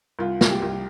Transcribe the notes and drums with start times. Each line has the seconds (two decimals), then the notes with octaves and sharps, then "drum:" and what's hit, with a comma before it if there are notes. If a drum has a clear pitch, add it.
0.19 C2 F4
0.41 C2, drum: snare
0.51 G4
0.62 C2